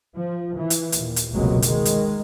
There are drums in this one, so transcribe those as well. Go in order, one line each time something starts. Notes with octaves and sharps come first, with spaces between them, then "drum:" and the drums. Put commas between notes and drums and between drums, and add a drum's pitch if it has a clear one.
F3
E3
drum: hi-hat
D#2 A#2, drum: hi-hat
drum: hi-hat
F1 C#2 B2 F#3 G#3 A#3
D#3 G#3, drum: hi-hat
drum: hi-hat